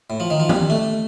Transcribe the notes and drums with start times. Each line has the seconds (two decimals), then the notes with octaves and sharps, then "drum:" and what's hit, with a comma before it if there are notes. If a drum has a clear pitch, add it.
0.10 A2
0.20 F3
0.30 D#3
0.40 F3
0.49 G3, drum: tom D#3
0.70 A3